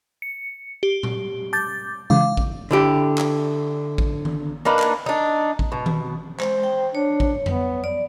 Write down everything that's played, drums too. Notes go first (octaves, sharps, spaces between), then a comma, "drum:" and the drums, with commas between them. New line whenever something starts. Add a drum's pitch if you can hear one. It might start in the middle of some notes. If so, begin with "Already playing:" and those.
C#7
G4
drum: tom A#2
A5 D6 G6 A6
C#3 E3 G#3 F5 D6
drum: kick A1
D3 E4 G4
drum: clap
drum: kick A1
drum: tom D#3
A#3 D4 D#4 B4
drum: clap
D4 D#4
drum: kick A1
B2
drum: tom D#3
G#3 C5, drum: clap
G5
D4 C#5
drum: kick A1
B3, drum: tom F2
D5